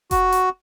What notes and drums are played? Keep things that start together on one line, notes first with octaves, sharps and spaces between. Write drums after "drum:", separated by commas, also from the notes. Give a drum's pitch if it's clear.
F#4, drum: kick F1, hi-hat
drum: hi-hat